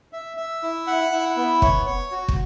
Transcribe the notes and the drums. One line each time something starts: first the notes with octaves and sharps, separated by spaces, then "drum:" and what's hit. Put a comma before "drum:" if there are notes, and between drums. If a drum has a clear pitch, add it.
E5
E5
E4
F#5
E4
B3
C#5, drum: kick
C#5
F#4
drum: kick